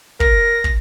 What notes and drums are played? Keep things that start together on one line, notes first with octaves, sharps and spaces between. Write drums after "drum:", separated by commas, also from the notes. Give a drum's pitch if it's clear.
A#4 A#6, drum: kick
drum: kick